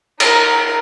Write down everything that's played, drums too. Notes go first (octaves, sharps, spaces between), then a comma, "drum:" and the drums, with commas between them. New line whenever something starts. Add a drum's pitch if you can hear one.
D#4 A#4, drum: cymbal